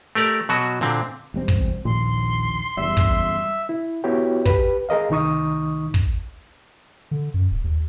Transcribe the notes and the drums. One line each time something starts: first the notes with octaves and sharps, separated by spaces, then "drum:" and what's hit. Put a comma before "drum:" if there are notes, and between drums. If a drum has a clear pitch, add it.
A3 G4 A#4 D5
B2 F#3 F#4
A#2 D3 C4
E1 G3 C4
drum: kick
A#1 D#2 A#2 C6
F#1 E2 G3 E5
drum: kick
E4
B3 E4 F#4 G4 C#5 G5
G4 B4, drum: kick
G#4 A#4 D#5 F5
C2 D#3 D#4 C#6 D#6
drum: kick
D3
F#2
D1
D#2